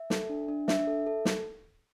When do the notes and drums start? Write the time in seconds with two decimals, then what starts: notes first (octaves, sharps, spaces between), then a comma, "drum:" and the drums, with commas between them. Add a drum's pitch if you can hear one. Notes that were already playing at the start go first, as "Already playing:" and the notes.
Already playing: E5
0.10 A4, drum: snare
0.30 D4
0.48 D4
0.68 D4 E5, drum: snare
0.87 A4
1.06 A4
1.25 drum: snare